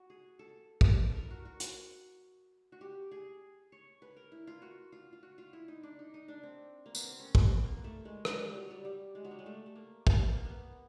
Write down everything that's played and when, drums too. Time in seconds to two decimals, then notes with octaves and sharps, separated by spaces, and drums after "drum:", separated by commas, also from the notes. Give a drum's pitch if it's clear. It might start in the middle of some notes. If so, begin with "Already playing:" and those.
Already playing: F#4
0.10 G#4
0.39 A4
0.81 drum: kick
0.99 B4
1.10 A4
1.15 A#4
1.31 F#4
1.45 F#4
1.60 F#4, drum: hi-hat
2.72 F#4
2.81 G4
3.11 G#4
3.72 C#5
4.02 B4
4.16 A#4
4.32 E4
4.47 F4
4.62 F#4
4.92 F4
5.13 F4
5.23 F#4
5.38 F4
5.53 E4
5.68 D#4
5.83 D4
5.99 D#4
6.14 D#4
6.28 D4
6.43 C4
6.86 A#3
6.95 B3, drum: tambourine
7.04 C4
7.20 C#4
7.35 C4, drum: kick
7.50 B3
7.64 A#3
7.84 A3
8.05 G#3
8.25 G#3, drum: rim click
8.40 G3
8.56 F#3
8.71 G3
8.85 G3
9.15 G#3
9.25 F#3
9.31 G3
9.39 G#3
9.46 A3
9.66 A3
9.76 A#3
10.07 C4, drum: kick
10.19 B3
10.32 A#3
10.45 B3